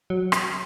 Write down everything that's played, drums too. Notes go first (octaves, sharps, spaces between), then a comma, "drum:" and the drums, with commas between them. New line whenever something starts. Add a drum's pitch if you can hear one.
F#3
drum: rim click